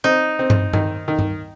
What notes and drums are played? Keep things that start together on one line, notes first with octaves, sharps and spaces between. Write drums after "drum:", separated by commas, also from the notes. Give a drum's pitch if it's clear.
C4 D#4
C4
drum: tom G2
D#3, drum: tom G2
D#3
drum: tom G2